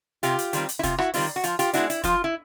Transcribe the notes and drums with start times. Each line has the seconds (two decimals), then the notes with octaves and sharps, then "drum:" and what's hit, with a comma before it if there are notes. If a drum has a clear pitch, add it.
0.23 C3 F4 G4, drum: hi-hat
0.39 drum: hi-hat
0.53 D#3 G3 C4, drum: hi-hat
0.69 drum: hi-hat
0.79 E4
0.83 C3 F4, drum: kick, hi-hat
0.98 E4 F#4, drum: rim click
1.14 D#3 G3 C4 F4, drum: open hi-hat
1.36 F#4
1.44 F3 F4, drum: hi-hat
1.59 F4 G4, drum: hi-hat
1.73 G#3 B3 D4 E4 F#4, drum: hi-hat
1.90 E4, drum: hi-hat
2.04 F3 F4, drum: kick, hi-hat
2.24 E4